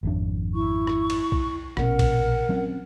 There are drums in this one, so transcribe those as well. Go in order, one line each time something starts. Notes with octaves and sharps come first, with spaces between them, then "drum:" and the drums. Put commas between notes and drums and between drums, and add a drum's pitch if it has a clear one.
G#1 F2 D4
E4 C#6
drum: rim click
drum: cymbal
drum: kick
A#1 B2 C#4 A#4 F#5, drum: rim click
drum: kick, cymbal
F#3 C4 C#4